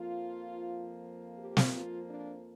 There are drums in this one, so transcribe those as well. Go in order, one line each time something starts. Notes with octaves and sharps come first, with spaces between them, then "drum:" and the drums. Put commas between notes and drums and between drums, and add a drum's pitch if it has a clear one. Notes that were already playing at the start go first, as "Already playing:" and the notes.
Already playing: F2 F3 A#3 F4
G4
drum: snare
F4
D4